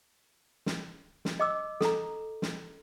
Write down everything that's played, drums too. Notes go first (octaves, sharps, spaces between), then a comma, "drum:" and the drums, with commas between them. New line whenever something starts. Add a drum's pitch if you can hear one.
drum: snare
drum: snare
D#5 D6 E6
A4 A#5, drum: snare
drum: snare